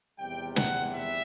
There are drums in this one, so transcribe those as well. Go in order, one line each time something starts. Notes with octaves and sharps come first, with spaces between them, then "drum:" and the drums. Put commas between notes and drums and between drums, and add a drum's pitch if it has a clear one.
E2 C3 D#3 G3 G5
F#5, drum: snare
E5